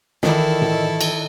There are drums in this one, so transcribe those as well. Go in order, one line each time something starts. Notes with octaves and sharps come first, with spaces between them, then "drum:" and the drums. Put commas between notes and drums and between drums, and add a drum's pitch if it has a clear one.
D#3 E3 E4 F4 A4 D5, drum: snare
drum: tom A2
drum: cymbal